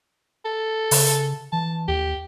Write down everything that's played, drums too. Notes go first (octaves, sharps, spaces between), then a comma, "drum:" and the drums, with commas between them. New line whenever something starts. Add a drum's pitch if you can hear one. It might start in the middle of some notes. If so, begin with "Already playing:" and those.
A4
C#3, drum: open hi-hat
E3 A5
D#2 G4